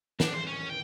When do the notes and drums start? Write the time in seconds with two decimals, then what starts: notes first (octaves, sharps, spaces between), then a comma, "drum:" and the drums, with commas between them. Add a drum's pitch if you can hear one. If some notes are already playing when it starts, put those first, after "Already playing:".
0.20 D4, drum: snare
0.34 C5
0.47 C#4
0.69 G5